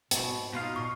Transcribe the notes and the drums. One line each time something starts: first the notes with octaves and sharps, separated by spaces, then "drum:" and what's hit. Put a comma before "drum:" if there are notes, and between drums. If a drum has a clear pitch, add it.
G#2 B2, drum: hi-hat
B2 D#4 F4 F5
A#2 C#6